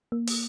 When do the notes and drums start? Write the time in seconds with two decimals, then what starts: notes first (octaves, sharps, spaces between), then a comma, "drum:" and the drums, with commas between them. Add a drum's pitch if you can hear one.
0.12 A#3
0.27 drum: open hi-hat